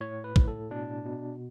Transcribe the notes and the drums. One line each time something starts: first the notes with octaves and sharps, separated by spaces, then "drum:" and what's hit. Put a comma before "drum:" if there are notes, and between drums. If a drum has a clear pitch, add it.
A2 C#5
B4
A2, drum: kick
A4
B2 D4
B2